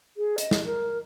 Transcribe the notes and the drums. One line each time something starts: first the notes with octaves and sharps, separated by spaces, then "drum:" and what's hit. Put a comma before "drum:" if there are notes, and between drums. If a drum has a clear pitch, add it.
G#4
D#5, drum: hi-hat
drum: snare
A#4